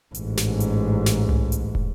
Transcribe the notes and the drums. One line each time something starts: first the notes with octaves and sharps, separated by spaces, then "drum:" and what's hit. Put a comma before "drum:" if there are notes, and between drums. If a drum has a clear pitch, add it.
A1 G#2, drum: hi-hat
drum: snare
drum: hi-hat
drum: snare
drum: tom C2
drum: hi-hat
drum: kick